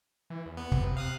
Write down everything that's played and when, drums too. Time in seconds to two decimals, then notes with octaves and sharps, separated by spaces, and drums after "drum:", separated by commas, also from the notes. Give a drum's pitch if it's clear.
0.30 E3
0.45 E2
0.57 B3
0.72 C3, drum: kick
0.97 F5 D#6 F#6